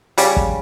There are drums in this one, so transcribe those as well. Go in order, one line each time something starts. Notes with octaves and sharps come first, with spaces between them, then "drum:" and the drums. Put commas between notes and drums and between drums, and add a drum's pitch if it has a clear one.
C#3 G3, drum: hi-hat
drum: kick